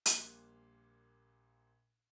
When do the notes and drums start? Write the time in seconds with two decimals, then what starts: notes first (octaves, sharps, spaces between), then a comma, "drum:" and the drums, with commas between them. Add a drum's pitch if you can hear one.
0.06 A#1 A#2 G3 F5 F#6, drum: hi-hat